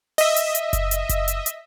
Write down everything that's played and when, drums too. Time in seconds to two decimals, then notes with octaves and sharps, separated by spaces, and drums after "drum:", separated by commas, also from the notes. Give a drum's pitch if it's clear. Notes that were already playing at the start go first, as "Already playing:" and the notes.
0.18 D#5 E5, drum: open hi-hat
0.36 drum: hi-hat
0.55 drum: hi-hat
0.73 drum: kick F#1, hi-hat
0.91 drum: hi-hat
1.09 drum: kick F#1, hi-hat
1.28 drum: hi-hat
1.46 drum: hi-hat